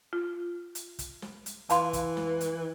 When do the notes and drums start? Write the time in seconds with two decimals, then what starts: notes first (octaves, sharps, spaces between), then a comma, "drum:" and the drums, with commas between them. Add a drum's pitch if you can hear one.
0.13 F4
0.75 drum: hi-hat
0.99 drum: kick, hi-hat
1.22 drum: snare
1.46 drum: hi-hat
1.70 F2 E3 F5 C6, drum: hi-hat
1.93 drum: kick, hi-hat
2.17 drum: snare
2.41 drum: hi-hat